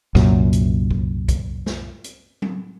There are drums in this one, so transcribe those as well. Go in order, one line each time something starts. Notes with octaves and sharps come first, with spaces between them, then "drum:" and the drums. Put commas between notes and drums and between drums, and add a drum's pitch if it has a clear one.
C2 F#2 A#2, drum: snare
drum: hi-hat
drum: kick
drum: kick, hi-hat
drum: snare
drum: hi-hat
drum: tom F#3